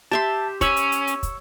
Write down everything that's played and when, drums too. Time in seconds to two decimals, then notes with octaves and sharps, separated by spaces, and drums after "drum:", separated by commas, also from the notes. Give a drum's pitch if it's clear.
0.12 G4 E5 A5 C6
0.61 C#4 C#5 B5 C#6 E6, drum: kick, hi-hat
0.77 drum: hi-hat
0.92 drum: hi-hat
1.07 drum: hi-hat
1.23 drum: kick, hi-hat